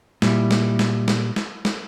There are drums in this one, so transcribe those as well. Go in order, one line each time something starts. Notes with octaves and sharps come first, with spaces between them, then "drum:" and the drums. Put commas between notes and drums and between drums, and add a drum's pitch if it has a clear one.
A#2 G3 E4, drum: snare
drum: snare
drum: snare
drum: snare
drum: snare
drum: snare